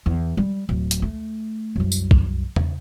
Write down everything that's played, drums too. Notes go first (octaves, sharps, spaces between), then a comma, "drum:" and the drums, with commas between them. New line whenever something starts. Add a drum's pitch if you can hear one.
E2
G3
D1
drum: hi-hat
A3
C2 F#2
drum: tambourine
drum: kick
C#3, drum: tom E2